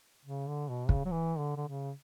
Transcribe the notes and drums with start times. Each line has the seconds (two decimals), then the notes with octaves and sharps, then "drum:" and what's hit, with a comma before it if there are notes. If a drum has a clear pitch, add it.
0.25 C#3
0.47 D3
0.69 B2
0.89 C#3, drum: kick
1.05 F#3
1.11 E3
1.39 D3
1.57 D3
1.68 C#3